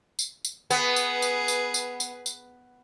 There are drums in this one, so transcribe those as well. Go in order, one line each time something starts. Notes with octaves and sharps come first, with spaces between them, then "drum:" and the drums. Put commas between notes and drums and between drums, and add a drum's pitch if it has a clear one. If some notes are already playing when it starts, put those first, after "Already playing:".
drum: tambourine
drum: tambourine
B3 G#4 B4, drum: tambourine
drum: tambourine
drum: tambourine
drum: tambourine
drum: tambourine
drum: tambourine
drum: tambourine